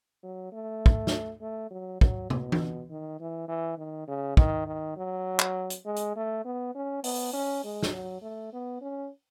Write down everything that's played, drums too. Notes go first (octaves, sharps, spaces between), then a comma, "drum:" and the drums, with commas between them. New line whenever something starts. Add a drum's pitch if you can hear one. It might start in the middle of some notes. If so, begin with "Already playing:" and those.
F#3
A3
drum: kick
drum: snare
A3
F#3
F#3, drum: kick
B2, drum: tom
drum: tom E3
D#3
E3
E3
D#3
C#3
D#3, drum: kick
D#3
F#3
drum: clap
drum: hi-hat
G#3
drum: hi-hat
A3
B3
C#4
B3, drum: open hi-hat
C#4
G#3
drum: snare
F#3
A3
B3
C#4